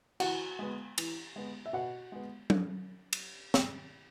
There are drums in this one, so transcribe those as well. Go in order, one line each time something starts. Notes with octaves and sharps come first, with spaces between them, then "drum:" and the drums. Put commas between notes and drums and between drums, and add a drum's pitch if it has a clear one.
E3 F#4 F#5, drum: cymbal
G#3 B3
E3, drum: cymbal
G#3 B3
E5
B2 F#4 F#5
G#3 B3
drum: tom F#3
drum: cymbal
drum: snare